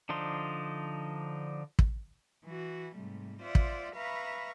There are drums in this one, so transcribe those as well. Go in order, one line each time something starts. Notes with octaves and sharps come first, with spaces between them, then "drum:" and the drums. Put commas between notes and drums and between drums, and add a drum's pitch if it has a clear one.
D3 F3 D4 D#4 C6
drum: kick
E3 F#4
G#2 C3 G3 A3
F4 C5 D5 E5 F#5
drum: kick
B4 E5 F5 A#5 B5 C#6